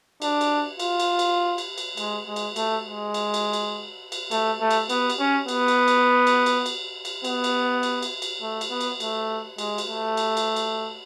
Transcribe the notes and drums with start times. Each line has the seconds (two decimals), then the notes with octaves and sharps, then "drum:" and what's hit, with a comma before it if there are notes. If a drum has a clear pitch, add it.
0.22 D4, drum: cymbal
0.41 drum: cymbal
0.80 F4, drum: cymbal
1.00 drum: cymbal
1.19 drum: cymbal
1.58 drum: cymbal
1.78 drum: cymbal
1.97 G#3, drum: cymbal
2.27 G#3
2.36 drum: cymbal
2.56 A3, drum: cymbal
2.85 G#3
3.14 drum: cymbal
3.34 drum: cymbal
3.53 drum: cymbal
4.12 drum: cymbal
4.31 A3, drum: cymbal
4.61 A3
4.71 drum: cymbal
4.89 B3, drum: cymbal
5.10 drum: cymbal
5.19 C#4
5.48 B3, drum: cymbal
5.68 drum: cymbal
5.88 drum: cymbal
6.27 drum: cymbal
6.46 drum: cymbal
6.66 drum: cymbal
7.05 drum: cymbal
7.25 B3, drum: cymbal
7.44 drum: cymbal
7.83 drum: cymbal
8.03 drum: cymbal
8.22 drum: cymbal
8.42 A3
8.61 drum: cymbal
8.70 B3
8.81 drum: cymbal
9.00 A3, drum: cymbal
9.58 G#3, drum: cymbal
9.78 drum: cymbal
9.88 A3
10.17 drum: cymbal
10.37 drum: cymbal
10.56 drum: cymbal